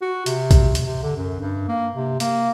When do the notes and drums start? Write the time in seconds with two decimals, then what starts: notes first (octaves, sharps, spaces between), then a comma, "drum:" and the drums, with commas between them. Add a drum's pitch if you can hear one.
0.02 F#4
0.26 C3, drum: hi-hat
0.51 drum: kick B1, hi-hat
0.75 drum: hi-hat
0.84 C3
1.03 D3
1.16 F#2
1.41 G2
1.69 A#3
1.94 C3
2.20 A#3, drum: hi-hat